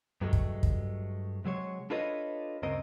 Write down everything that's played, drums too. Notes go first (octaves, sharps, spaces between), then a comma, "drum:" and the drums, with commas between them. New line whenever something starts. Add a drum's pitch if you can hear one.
G2 F#3 G#3 A3
drum: kick
drum: kick
C3 F#3 G#3 C#5
D4 F4 A4 B4 C#5 D#5
D2 G2 C#3 C4 A#4 D#5